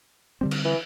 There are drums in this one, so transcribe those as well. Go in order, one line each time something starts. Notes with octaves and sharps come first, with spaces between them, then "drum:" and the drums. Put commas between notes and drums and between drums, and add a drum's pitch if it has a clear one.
D3 G3 C4
drum: cymbal
E3